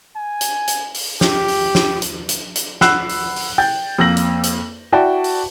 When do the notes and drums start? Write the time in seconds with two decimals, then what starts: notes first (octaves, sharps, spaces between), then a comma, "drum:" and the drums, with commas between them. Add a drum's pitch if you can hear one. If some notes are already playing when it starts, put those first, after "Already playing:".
0.16 G#5
0.41 drum: hi-hat
0.67 drum: hi-hat
0.94 drum: open hi-hat
1.21 G4, drum: snare
1.48 drum: open hi-hat
1.75 drum: snare
2.02 drum: hi-hat
2.29 drum: hi-hat
2.55 drum: hi-hat
2.81 F#5 B5 E6 F#6 C7 E7, drum: snare
3.09 drum: open hi-hat
3.36 drum: open hi-hat
3.58 G5 G6 A6
3.99 F2 A#3 E6 A#6 F#7
4.17 drum: hi-hat
4.43 drum: hi-hat
4.92 E4 F#4 D5 G5 A5
5.24 drum: open hi-hat